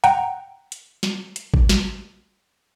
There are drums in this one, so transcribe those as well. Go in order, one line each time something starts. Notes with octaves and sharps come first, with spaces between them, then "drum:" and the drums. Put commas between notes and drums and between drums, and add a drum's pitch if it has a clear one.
F#5 G5 A#5, drum: hi-hat
drum: hi-hat
drum: snare
drum: hi-hat
drum: kick G#1
drum: snare